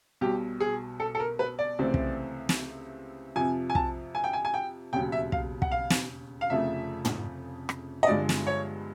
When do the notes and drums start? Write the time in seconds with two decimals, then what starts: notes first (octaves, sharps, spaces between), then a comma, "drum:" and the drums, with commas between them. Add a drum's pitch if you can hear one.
0.21 B1 B2 G3 G4
0.60 G#4
1.00 A4
1.15 A4
1.20 A#4
1.39 B4
1.59 D5
1.79 C#2 C3 E3 A3 C4
1.94 drum: kick
2.49 drum: snare
3.36 F2 C3 F3 G#5
3.70 G#5
3.75 A5, drum: kick
4.15 G#5
4.24 G5
4.33 G#5
4.45 G#5
4.54 G5
4.93 E1 D#2 C#3 F#3 G5
5.12 E5
5.32 F5, drum: kick
5.62 F#5, drum: kick
5.71 F5
5.90 drum: snare
6.41 F5
6.50 F1 F2 C#3 F3 A3 E5
7.05 drum: tom
7.69 drum: rim click
8.03 D#5
8.07 G1 G2 D3 F3 G#3 D5
8.29 drum: snare
8.47 C#5